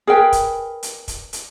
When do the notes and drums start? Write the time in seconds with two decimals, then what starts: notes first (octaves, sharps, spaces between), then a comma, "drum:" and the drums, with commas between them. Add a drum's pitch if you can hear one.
0.07 G#4 A#4 B4 G5
0.32 drum: kick, hi-hat
0.83 drum: hi-hat
1.08 drum: kick, hi-hat
1.33 drum: hi-hat